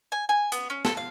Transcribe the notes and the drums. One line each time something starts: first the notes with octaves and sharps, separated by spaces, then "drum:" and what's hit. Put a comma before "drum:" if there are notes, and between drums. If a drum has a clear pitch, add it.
G#5
G#5
B3, drum: hi-hat
C#4
A4, drum: snare
F5